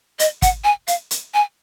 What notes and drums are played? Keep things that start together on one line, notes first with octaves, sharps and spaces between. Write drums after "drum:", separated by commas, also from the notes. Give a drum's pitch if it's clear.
D#5, drum: hi-hat
F#5, drum: kick, hi-hat
G#5
F5, drum: hi-hat
drum: hi-hat
G#5